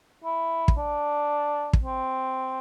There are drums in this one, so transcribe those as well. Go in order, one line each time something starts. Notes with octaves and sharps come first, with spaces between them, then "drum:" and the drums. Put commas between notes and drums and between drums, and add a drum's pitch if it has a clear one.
E4
drum: kick
D4
drum: kick
C4